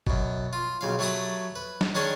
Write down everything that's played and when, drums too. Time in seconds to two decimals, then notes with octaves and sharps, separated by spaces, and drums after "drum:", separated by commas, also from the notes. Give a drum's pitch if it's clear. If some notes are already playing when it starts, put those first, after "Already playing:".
0.07 F#2 B2, drum: kick G1
0.53 F4
0.81 B1 C#3 F5
0.99 F#3 A3 G4 A5 B5 D#6
1.56 B4
1.81 drum: snare
1.95 D#3 C#4 D4 G#4 C#5 A5